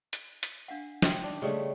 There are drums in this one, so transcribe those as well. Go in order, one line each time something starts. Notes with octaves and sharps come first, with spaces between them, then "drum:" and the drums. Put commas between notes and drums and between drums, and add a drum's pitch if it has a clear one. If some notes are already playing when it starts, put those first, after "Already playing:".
drum: hi-hat
drum: hi-hat
D4 F5 F#5
D#5 E5 G5 C6, drum: snare
D4
C#3 G3 A3 D#5